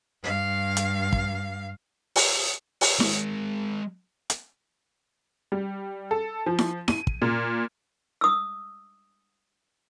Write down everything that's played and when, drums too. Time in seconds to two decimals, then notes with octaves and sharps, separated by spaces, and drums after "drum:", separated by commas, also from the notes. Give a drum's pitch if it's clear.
0.23 G2 F5
0.77 drum: hi-hat
1.13 drum: kick
2.16 drum: open hi-hat
2.81 drum: open hi-hat
3.00 G#3 A#4, drum: snare E4
4.30 drum: hi-hat
5.52 G3
6.11 A4
6.46 F3
6.59 drum: snare E4
6.88 D#7, drum: snare E4
7.07 drum: kick
7.22 A#2
8.21 D#6 E6